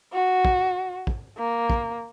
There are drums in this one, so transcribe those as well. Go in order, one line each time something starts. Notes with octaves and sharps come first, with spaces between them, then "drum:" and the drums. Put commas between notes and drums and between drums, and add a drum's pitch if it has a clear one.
F#4
drum: kick
drum: kick
A#3
drum: kick